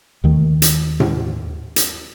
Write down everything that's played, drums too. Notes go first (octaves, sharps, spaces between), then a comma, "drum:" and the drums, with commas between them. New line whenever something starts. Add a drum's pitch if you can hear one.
D#2 D#3 A3
drum: hi-hat
drum: tom A2
drum: hi-hat